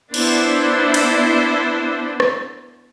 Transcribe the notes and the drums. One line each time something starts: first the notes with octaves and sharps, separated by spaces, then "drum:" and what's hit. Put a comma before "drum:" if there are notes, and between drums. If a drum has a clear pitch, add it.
B3 D4 E4 C5, drum: cymbal
drum: cymbal
drum: rim click